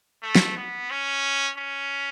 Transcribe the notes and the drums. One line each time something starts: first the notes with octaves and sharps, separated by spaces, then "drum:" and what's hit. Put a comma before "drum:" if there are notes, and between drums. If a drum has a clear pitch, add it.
A3
drum: snare
B3
C#4
C#4